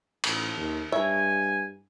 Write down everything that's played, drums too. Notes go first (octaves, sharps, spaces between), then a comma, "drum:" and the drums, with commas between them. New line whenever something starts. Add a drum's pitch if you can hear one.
A1, drum: cymbal
D#2
G2 C#5 E5 G#5